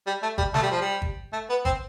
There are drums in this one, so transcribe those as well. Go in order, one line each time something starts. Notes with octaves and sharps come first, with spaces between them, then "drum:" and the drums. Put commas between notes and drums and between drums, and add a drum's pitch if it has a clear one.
G3
A3
G3, drum: kick
A3, drum: snare
G3
F3
G3
drum: kick
A3
B3
C4, drum: kick